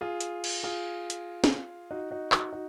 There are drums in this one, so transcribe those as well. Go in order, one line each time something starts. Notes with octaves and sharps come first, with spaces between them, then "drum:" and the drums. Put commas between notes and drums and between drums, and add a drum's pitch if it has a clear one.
F4 G#4
drum: hi-hat
drum: cymbal
F4 G#4
drum: hi-hat
drum: snare
D#4 F#4
D#4 F#4
D#4 F#4, drum: clap
D#4 F#4